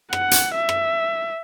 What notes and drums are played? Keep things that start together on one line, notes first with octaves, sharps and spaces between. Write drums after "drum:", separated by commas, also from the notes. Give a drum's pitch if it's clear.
F#5, drum: rim click
drum: hi-hat
E5
drum: rim click